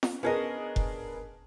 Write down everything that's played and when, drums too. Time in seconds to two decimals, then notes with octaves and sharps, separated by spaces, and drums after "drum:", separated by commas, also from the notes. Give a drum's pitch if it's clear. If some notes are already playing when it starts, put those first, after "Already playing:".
0.03 drum: snare
0.23 B3 C#4 D4 G#4 A#4 D#5
0.76 drum: kick F1